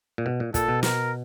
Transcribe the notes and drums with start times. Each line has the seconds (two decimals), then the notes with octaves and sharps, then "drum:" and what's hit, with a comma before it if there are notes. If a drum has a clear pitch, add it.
0.18 A#2
0.26 B2
0.40 A#2
0.54 A#2 A4, drum: kick, hi-hat
0.68 B2
0.83 A#4, drum: snare